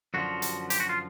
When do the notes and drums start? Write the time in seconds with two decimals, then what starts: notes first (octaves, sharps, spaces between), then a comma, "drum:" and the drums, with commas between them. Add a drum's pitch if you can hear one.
0.14 F#2 D3 F3 F#4
0.42 drum: hi-hat
0.70 G4, drum: hi-hat
0.80 F#4
0.89 F4